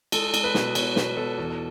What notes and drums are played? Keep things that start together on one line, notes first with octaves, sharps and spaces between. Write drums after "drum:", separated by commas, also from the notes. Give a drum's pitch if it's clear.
G#3 A4, drum: cymbal
G#3, drum: cymbal
B4
B2, drum: snare
B2 C#5, drum: cymbal
B2 B4, drum: snare
B2 A4
E2